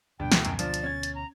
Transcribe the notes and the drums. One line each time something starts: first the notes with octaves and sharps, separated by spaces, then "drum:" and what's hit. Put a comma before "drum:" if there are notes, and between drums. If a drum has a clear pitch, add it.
D2 G2 B2 G5
A3 E4 F#4, drum: snare
F#2, drum: hi-hat
F3 D4 A6, drum: hi-hat
drum: hi-hat
C#4 G#6
drum: hi-hat
A#5